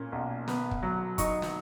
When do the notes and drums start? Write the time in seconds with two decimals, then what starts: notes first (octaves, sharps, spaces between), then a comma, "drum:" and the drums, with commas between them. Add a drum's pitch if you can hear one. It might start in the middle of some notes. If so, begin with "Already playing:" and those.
Already playing: A#2 C#4
0.12 B1
0.48 B3, drum: snare
0.71 drum: kick
0.83 F#3
1.18 D#4 C#6, drum: kick, hi-hat
1.42 drum: snare